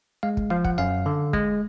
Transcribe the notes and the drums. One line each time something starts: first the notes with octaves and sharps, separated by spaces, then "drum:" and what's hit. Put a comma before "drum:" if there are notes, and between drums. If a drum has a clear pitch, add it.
G#3 F5
drum: kick
F3 F5
F#5, drum: kick
F#2 F5
D3
G#3, drum: kick